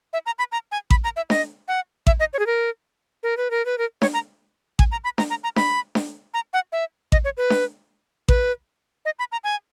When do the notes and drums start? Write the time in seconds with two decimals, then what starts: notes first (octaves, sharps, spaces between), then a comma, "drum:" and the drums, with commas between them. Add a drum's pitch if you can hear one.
0.13 E5
0.26 A#5
0.39 B5
0.52 A#5
0.72 G#5
0.90 B5, drum: kick A1
1.04 A#5
1.16 E5
1.30 D#5, drum: snare D4
1.68 F#5
2.07 E5, drum: kick A1
2.20 D#5
2.33 C#5
2.39 G#4
2.46 A#4
3.23 A#4
3.37 B4
3.51 A#4
3.66 B4
3.78 A#4
4.02 C#5, drum: snare D4
4.14 A#5
4.79 G#5, drum: kick A1
4.92 A#5
5.04 B5
5.18 A#5, drum: snare D4
5.30 A#5
5.44 A#5
5.56 B5, drum: snare D4
5.95 drum: snare D4
6.34 A#5
6.53 F#5
6.72 E5
7.12 D#5, drum: kick A1
7.25 C#5
7.37 B4
7.50 drum: snare D4
8.28 B4, drum: kick A1
9.05 D#5
9.19 B5
9.32 A#5
9.44 G#5